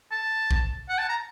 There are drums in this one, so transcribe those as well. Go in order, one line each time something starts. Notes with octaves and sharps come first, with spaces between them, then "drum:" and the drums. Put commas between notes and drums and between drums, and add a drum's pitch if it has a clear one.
A5
drum: kick A#1
F#5
A5
A#5